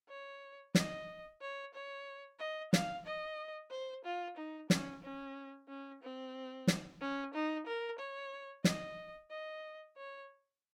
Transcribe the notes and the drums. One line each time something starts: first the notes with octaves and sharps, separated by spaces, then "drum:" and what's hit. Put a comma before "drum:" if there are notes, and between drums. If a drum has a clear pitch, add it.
C#5
D#5, drum: snare
C#5
C#5
D#5
F5, drum: snare
D#5
C5
F4
D#4
C#4, drum: snare
C#4
C#4
C4
drum: snare
C#4
D#4
A#4
C#5
D#5, drum: snare
D#5
C#5